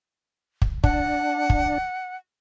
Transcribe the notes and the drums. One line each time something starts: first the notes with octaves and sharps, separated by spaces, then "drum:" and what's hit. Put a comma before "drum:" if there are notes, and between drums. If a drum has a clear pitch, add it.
drum: kick
D4 F#5, drum: kick
drum: kick